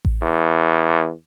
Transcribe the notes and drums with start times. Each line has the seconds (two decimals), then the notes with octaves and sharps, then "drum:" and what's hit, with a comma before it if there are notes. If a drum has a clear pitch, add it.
0.05 drum: kick A1
0.22 E2